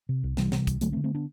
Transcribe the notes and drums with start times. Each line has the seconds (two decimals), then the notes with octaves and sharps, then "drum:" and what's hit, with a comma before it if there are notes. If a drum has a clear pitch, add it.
0.09 C3
0.24 C2
0.37 C3 E3 G3, drum: snare
0.52 C3, drum: snare
0.67 C2, drum: kick, hi-hat
0.81 D3 F#3 A3, drum: hi-hat
0.92 A3 C4
0.97 D3
1.04 A3 C4
1.15 B3 D4